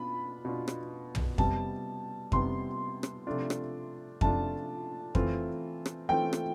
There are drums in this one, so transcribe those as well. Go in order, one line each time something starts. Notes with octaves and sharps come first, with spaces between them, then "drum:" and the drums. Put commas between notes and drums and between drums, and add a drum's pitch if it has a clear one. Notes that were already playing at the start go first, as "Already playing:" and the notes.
Already playing: B2 B3 D4 F4 B5
B2 B3 D4 F4
drum: rim click
drum: tom
C3 G3 B3 A5, drum: kick F2
C3 G3 B3 C6, drum: kick F2
drum: rim click
C3 F3 A3 D4 F4
drum: rim click
C3 F3 A3 D4 F4 A5, drum: kick F2
E3 A3 C4 F4, drum: kick F2
drum: rim click
E3 A3 C4 F4 G5
drum: rim click